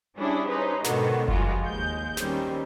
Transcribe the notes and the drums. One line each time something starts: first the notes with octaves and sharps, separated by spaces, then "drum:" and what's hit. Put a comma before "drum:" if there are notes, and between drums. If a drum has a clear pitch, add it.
G3 C#4 D4 E4 G#4
C#4 D#4 B4 C5
G#2 B2 D3 D#3 B3 F#4, drum: snare
F3 G3 G#3 F4 F#4, drum: kick F#1
D#2 G#3 G6
D#3 G3 C4 C#4, drum: snare